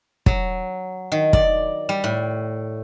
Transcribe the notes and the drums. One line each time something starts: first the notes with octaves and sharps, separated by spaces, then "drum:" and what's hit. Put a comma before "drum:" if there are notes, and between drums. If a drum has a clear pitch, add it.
F#3, drum: kick
D#3
D5, drum: kick
G3
A2